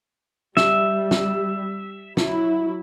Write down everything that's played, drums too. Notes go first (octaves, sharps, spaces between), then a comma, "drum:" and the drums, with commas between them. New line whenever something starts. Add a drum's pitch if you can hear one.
G3 E5, drum: snare
drum: snare
F#3 E4, drum: snare